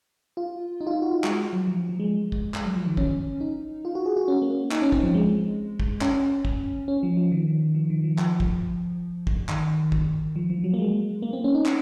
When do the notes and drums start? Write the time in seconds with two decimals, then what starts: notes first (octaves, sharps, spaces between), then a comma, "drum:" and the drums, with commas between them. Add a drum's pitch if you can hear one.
0.37 F4
0.81 D#4
0.87 F4
0.91 D#4
1.02 F#4
1.13 F4
1.24 G#3, drum: clap
1.53 F#3
1.67 F3
1.89 F3
2.00 G#3
2.32 drum: kick
2.54 G#3, drum: clap
2.65 F#3
2.76 F3
2.86 D#3
2.97 C#4, drum: kick
3.41 D#4
3.85 F4
3.95 F#4
4.06 G#4
4.17 F#4
4.28 C#4
4.42 A#3
4.71 D#4, drum: clap
4.82 C#4
4.92 C4, drum: kick
5.03 F3
5.14 G#3
5.80 drum: kick
6.01 C#4, drum: clap
6.45 drum: kick
6.88 C#4
7.03 F3
7.17 F3
7.32 D#3
7.75 F3
7.90 D#3
8.04 F3
8.18 F3, drum: clap
8.40 drum: kick
9.27 drum: kick
9.49 D#3, drum: clap
9.92 drum: kick
10.36 F3
10.50 F3
10.64 F#3
10.74 A#3
10.79 G#3
11.22 A#3
11.33 C4
11.44 C#4
11.55 D#4
11.66 drum: clap